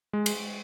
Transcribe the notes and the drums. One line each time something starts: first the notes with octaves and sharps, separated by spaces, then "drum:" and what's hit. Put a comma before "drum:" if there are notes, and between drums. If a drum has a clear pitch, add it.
G#3
drum: cymbal